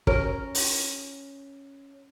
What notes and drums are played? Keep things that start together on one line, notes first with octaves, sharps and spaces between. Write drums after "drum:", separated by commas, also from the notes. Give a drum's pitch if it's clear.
C#4 A#4, drum: kick
drum: open hi-hat